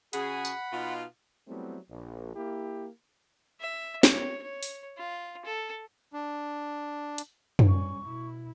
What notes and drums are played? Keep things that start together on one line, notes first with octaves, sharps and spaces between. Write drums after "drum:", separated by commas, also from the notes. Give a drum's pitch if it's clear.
C#3 F#4 G#4 F#5 B5, drum: hi-hat
drum: tambourine
B2 D#4 F4
F#3 G3 A3 B3 C4 E4
A#1
A#3 E4 G4
E5
C#5, drum: snare
C#5
drum: open hi-hat
F4
A4
D4
drum: hi-hat
drum: tom F#2
G3 C#4 C#6
B2 E4